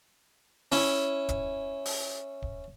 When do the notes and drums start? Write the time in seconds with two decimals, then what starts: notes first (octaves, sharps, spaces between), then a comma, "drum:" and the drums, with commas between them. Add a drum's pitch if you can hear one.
0.72 C#4 E4, drum: open hi-hat
1.29 drum: kick, hi-hat
1.85 drum: open hi-hat
2.42 drum: kick